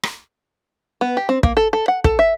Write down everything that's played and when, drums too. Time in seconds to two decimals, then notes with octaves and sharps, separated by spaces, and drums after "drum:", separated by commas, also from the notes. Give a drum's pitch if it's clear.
0.03 drum: rim click
1.01 B3
1.17 G4
1.29 C4
1.43 A#3, drum: kick
1.57 A4
1.73 A4
1.88 F#5
2.04 A4, drum: kick
2.19 E5